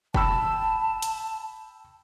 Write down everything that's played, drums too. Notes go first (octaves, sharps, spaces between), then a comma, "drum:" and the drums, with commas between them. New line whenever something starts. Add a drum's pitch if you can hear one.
G5 A5 B5 E6, drum: kick
drum: hi-hat